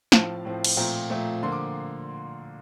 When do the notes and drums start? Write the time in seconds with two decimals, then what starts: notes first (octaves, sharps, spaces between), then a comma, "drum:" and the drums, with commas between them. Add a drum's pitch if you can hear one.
0.12 A2 F3 C4 F5 A5, drum: snare
0.45 A2 F3 C4
0.64 drum: cymbal
0.77 A#2 F3 A3 C4 G5 A#5
1.10 A#2 F3 A3 C4
1.43 D3 F3 A#3 C6
1.52 D6